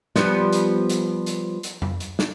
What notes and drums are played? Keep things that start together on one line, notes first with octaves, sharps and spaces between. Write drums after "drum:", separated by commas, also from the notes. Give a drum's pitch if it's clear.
F3 G3 B3, drum: snare
drum: hi-hat
drum: hi-hat
drum: hi-hat
drum: hi-hat
drum: tom F2
drum: hi-hat
drum: snare